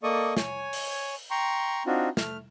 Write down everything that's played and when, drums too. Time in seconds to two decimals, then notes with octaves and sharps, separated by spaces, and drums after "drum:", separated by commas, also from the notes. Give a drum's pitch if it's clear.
0.03 A#3 A4 D5 D#5 C#6 D#6
0.37 C#5 G#5, drum: snare
0.73 drum: open hi-hat
1.31 G5 A#5 C6 C#6
1.86 C4 D4 D#4 F4 F#4
2.17 A3 F6, drum: snare